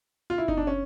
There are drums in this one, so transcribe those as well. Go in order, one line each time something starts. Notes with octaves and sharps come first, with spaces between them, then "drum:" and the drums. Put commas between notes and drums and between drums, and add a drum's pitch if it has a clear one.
F4
E4
D#4, drum: kick F#1
D4
C#4